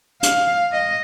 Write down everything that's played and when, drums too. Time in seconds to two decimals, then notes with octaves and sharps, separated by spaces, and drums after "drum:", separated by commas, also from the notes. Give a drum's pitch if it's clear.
0.23 F5, drum: hi-hat
0.73 D#5